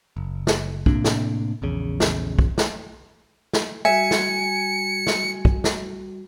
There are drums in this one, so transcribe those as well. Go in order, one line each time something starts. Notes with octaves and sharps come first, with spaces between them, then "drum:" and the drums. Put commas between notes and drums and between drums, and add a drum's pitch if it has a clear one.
F#1
drum: snare
A2 C3 A#3 D4, drum: kick
drum: snare
A#1 E2 C#3
drum: snare
drum: kick
drum: snare
drum: snare
G3 F#4 E5 G#5 C#7
drum: snare
drum: snare
drum: kick
drum: snare